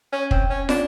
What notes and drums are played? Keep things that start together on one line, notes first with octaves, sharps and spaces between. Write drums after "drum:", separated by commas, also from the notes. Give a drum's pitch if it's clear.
C#4
C4, drum: kick
C#4
D4, drum: snare